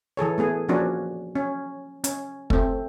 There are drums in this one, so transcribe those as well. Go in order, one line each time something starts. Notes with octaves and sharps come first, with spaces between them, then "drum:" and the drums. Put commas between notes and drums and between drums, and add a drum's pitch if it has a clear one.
E3 G#4 A4 C#5
A3 B3 G#4
F3 A#3 C#4 D4 F#4
C#4
C#4, drum: hi-hat
A3 C4, drum: kick